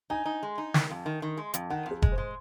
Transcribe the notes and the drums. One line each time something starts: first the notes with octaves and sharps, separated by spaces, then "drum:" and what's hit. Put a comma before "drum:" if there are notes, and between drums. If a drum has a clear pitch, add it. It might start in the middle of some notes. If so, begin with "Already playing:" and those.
D#4 G#5
D#4
G#3
D#4
D#3, drum: snare
F2
D#3
D#3
G#3
F2, drum: hi-hat
D#3 F#5
F2
G#4
G#3, drum: kick
C5
G#3